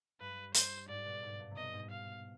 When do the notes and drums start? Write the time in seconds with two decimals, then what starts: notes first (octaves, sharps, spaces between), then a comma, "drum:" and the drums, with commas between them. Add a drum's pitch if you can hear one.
0.21 G2 B4
0.54 C5, drum: hi-hat
0.88 G#2 D5
1.06 B2
1.23 G#2
1.40 G2
1.51 C3
1.56 B2 D#5
1.73 G#2
1.91 F5